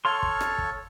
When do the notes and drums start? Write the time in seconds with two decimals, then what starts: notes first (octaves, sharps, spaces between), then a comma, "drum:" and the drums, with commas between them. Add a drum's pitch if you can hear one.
0.05 A4 C#5 F5 C6
0.23 drum: kick
0.40 drum: rim click
0.58 drum: kick